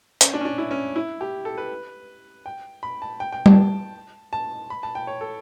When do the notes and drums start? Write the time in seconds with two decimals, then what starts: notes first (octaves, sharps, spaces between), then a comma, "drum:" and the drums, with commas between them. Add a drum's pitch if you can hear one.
0.21 C#4, drum: hi-hat
0.34 D4
0.41 C#4
0.45 D4
0.58 E4
0.71 C#4
0.96 E4
1.21 G4
1.45 A4
1.58 B4
2.46 G5
2.83 B5
3.02 A5
3.20 G5
3.32 G5
3.46 A5, drum: tom G3
4.33 A5
4.70 B5
4.83 A5
4.95 G5
5.07 C#5
5.21 A4